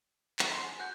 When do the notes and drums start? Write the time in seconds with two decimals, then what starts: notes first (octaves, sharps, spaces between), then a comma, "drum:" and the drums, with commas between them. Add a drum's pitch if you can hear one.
0.39 D#4 F#4, drum: clap
0.52 C6
0.65 G#4
0.80 F#4 F#6 G6